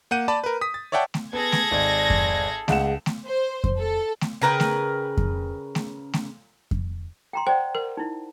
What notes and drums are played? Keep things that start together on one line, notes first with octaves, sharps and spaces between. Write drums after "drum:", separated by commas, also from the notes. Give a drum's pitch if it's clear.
A#3 F#5 G6 D#7
D5 A5 B5
A#4 B4
D#6 B6
A6
C#5 D5 E5 F#5 G5 A5
drum: snare A3
B3 G#4 A4 G#6 A#6
drum: snare A3
G#1 D5
drum: kick F2
C#2 G#4 F#5 E7, drum: snare A3
drum: snare A3
C5
drum: kick F2
A4
drum: snare A3
C#3 A#4 B4 G5
drum: snare A3
drum: kick F2
drum: snare A3
drum: snare A3
drum: kick F2
G5 A#5 C6
C5 D5 F#5 G5
A#4
D#4 E4